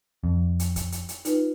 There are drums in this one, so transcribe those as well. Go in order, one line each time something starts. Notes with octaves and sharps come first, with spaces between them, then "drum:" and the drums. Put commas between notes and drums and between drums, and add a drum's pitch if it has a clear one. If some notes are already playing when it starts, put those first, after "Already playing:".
F2
drum: hi-hat
drum: kick, hi-hat
drum: hi-hat
drum: hi-hat
D#4 F4 B4, drum: hi-hat